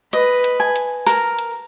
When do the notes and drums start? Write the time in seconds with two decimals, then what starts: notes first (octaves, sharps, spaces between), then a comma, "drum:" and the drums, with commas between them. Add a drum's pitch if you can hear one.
0.13 B4 D#5, drum: hi-hat
0.44 drum: hi-hat
0.60 G#5
0.76 drum: hi-hat
1.06 A#4, drum: open hi-hat
1.39 drum: hi-hat